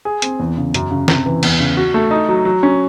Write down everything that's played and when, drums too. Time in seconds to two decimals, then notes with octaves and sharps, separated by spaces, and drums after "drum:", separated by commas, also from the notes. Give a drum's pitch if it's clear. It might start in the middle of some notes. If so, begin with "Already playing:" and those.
0.05 G#4
0.22 C4, drum: hi-hat
0.39 E2
0.57 C#3
0.74 F#2, drum: hi-hat
0.91 C#3
1.08 C3, drum: snare
1.26 E3
1.43 E2, drum: cymbal
1.60 C#3
1.77 F#4
1.94 A3
2.11 D#4
2.29 F#3
2.45 F#3
2.63 C#4